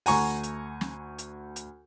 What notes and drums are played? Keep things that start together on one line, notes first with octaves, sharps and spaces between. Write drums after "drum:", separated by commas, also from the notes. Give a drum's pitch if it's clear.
D2 F#5 G#5 A#5 C#6, drum: open hi-hat
drum: hi-hat
drum: snare
drum: hi-hat
drum: hi-hat